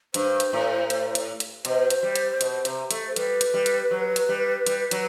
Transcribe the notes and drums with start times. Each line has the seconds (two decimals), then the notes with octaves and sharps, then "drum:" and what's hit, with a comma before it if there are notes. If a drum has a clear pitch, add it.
0.14 G2 C5, drum: hi-hat
0.40 drum: hi-hat
0.53 A2
0.90 drum: hi-hat
1.15 drum: hi-hat
1.40 drum: hi-hat
1.65 B2 C5, drum: hi-hat
1.90 drum: hi-hat
2.03 G3
2.16 drum: hi-hat
2.41 B2, drum: hi-hat
2.65 C3, drum: hi-hat
2.91 A3, drum: hi-hat
3.08 C5
3.16 G3 B4, drum: hi-hat
3.41 drum: hi-hat
3.54 G3
3.66 drum: hi-hat
3.91 F#3
4.16 drum: hi-hat
4.29 G3
4.67 G3, drum: hi-hat
4.91 F#3, drum: hi-hat